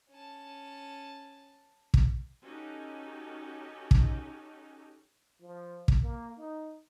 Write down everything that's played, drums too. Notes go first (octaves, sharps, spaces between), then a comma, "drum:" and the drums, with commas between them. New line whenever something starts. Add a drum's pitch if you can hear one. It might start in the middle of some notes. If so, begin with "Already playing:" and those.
C#4 A5
drum: kick
C#4 D#4 F#4 G4 A4
drum: kick
F3
drum: kick
A#3
D#4